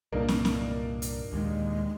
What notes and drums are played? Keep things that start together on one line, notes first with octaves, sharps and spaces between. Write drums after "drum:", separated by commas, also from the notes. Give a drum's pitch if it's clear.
C2 G2 A#2 A#3 D4 D#4
drum: snare
drum: snare
drum: hi-hat
D#2 A#2 D#3 G#3